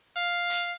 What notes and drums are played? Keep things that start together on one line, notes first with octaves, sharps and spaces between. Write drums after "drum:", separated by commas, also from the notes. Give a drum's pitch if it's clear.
F5
drum: hi-hat